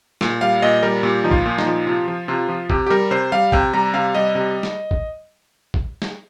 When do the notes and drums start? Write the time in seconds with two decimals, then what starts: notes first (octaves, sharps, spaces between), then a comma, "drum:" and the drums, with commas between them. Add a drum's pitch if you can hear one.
0.21 A#2, drum: snare
0.41 G3 F5
0.62 A#2 D#5
0.83 G3 A#4
1.03 A#2 G4
1.24 F3 D#4
1.31 F4, drum: kick A1
1.46 A#2
1.58 D#4, drum: snare
1.66 F3
1.86 C3 F4
2.08 F3
2.28 C3 F4
2.48 F3
2.70 C3 G4, drum: kick A1
2.86 G4
2.90 G3 A#4
3.11 C3 C5
3.32 G3 F5
3.52 C3 G5, drum: kick A1
3.73 G3 A#5
3.94 C3 F5
4.14 G3 D#5
4.35 C3
4.63 drum: snare
4.91 drum: kick A1
5.74 drum: kick A1
6.02 drum: snare